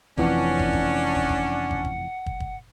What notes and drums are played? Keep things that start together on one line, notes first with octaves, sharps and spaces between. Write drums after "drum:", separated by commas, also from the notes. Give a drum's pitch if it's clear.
F1 F2 E3 C#4 D4 F#5, drum: kick
drum: kick
drum: kick
drum: kick
drum: kick
drum: kick
drum: kick
drum: kick
drum: kick